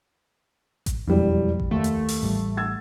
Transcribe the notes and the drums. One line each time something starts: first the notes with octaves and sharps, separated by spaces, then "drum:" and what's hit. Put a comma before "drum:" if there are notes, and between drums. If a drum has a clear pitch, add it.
drum: kick A1, hi-hat
E1 F2 G3 E4
drum: kick A1
D#2 A3
drum: hi-hat
drum: open hi-hat
A1 G3
E6 G#6 A6